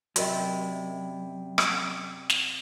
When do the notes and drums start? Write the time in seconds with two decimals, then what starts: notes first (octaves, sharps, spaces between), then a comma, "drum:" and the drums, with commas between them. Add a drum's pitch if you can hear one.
0.16 F#2 C3 E4 F#4 A#4 D5 D#5 G5, drum: hi-hat
1.58 drum: rim click
2.30 drum: snare